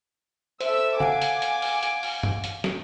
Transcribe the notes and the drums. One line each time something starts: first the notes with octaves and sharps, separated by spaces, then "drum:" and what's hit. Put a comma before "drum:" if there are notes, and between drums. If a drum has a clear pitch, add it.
A4 C5 E5 E6, drum: hi-hat
F5 F#5 G#5 D6 D7, drum: tom
drum: hi-hat
drum: hi-hat
drum: open hi-hat
drum: hi-hat
drum: open hi-hat
drum: tom G2
drum: hi-hat
drum: snare